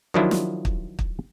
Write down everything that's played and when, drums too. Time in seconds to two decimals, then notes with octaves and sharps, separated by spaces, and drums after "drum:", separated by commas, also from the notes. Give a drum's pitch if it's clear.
0.14 D#3 F3 F#3 D4 E4 F4
0.31 drum: snare
0.65 drum: kick
0.99 drum: kick